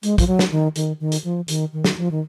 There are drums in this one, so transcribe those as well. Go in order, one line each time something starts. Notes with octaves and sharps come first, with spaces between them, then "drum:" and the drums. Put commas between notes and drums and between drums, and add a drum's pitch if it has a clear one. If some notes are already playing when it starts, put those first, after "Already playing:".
G#3, drum: hi-hat
F3, drum: kick, hi-hat
F#3
drum: snare
D#3
D#3, drum: hi-hat
D#3
drum: hi-hat
F3
D#3, drum: hi-hat
D#3
drum: snare
F3
D#3